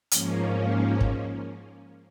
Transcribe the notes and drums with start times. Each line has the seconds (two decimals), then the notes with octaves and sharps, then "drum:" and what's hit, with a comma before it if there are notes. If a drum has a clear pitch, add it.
0.11 G#2 F3 A#3 C#4, drum: hi-hat
1.01 drum: kick